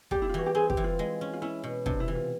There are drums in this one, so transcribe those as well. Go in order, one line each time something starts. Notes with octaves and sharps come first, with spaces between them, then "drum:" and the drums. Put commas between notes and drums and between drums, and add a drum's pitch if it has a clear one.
G3 G4, drum: kick
E4
F4
E3 F#4
G4
C4 G#4
G4, drum: kick
E3
F4
G#3
C#4
F4
C#4 E4
B2
C3 D4, drum: kick
E4
E3
F4